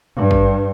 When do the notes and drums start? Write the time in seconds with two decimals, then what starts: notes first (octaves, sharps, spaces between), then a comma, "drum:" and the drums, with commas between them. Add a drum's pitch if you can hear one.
0.16 G2
0.31 drum: kick